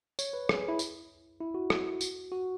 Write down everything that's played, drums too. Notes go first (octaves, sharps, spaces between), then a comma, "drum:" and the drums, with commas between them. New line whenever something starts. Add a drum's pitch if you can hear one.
C#5, drum: tambourine
B4
G#4, drum: rim click
E4
drum: tambourine
E4
F#4
drum: rim click
drum: tambourine
F#4